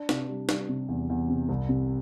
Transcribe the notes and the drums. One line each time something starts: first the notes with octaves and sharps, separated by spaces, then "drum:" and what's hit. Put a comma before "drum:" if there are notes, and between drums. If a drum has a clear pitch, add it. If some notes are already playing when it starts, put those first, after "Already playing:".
Already playing: D4
C3, drum: snare
G3
G3, drum: snare
C3
E2
E2
C3
C2
C3